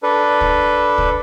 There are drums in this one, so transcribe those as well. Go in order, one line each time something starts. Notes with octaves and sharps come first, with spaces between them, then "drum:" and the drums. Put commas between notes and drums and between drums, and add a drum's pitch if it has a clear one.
D4 A4 B4
drum: kick
drum: kick